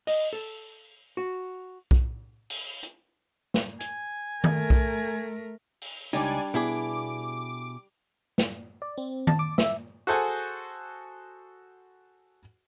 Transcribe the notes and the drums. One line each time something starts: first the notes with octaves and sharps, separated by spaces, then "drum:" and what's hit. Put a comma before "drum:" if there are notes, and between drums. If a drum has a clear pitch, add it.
D#5, drum: open hi-hat
A4
F#4
drum: kick B1
drum: open hi-hat
drum: hi-hat
drum: snare
G#5, drum: hi-hat
A3 A#4, drum: tom D#3
drum: kick B1
drum: open hi-hat
C#2 G3 D4 D#4 D5 G#5
B2 E4 G#4 D6
drum: snare
D5
C4
A5, drum: tom D#3
D6
E5, drum: snare
F#4 G#4 A4 C5 F#5 G#5